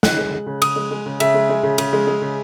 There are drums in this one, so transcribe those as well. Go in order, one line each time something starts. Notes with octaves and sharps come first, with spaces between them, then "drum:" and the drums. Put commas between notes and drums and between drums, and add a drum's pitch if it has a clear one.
C#3 F#6, drum: snare
G#3
G#3
C#3
C#3 D#6, drum: cymbal
G#3
G#3
C#3
C#3 E5, drum: cymbal
G#3
G#3
C#3
C#3, drum: cymbal
G#3
G#3
C#3